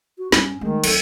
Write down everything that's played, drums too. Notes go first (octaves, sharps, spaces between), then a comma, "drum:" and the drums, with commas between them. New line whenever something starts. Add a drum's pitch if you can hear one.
F#4
G2 G3 C#4, drum: snare
D#3 G#3 A3
F#3 C4 A4, drum: cymbal